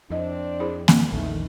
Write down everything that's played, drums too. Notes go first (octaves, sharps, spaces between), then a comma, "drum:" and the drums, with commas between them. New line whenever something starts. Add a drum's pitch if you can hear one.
F2 C4 D4 E4 D#5
E4 G#4 C5
drum: snare A#3
A#1 E2 D#3 A3